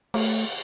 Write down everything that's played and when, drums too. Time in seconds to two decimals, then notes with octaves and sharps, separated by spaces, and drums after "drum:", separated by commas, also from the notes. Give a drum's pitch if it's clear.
0.14 A3, drum: cymbal